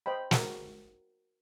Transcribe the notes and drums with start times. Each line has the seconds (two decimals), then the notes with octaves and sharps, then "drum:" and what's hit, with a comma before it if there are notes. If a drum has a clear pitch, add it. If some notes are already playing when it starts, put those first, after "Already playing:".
0.06 C5 D#5 G5 B5
0.31 F#4 A#4, drum: snare